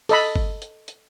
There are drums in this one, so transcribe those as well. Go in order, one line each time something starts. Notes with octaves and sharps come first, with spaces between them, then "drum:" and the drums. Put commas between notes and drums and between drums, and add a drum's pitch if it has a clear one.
A4 D#5 B5, drum: open hi-hat
drum: kick G1
drum: hi-hat
drum: hi-hat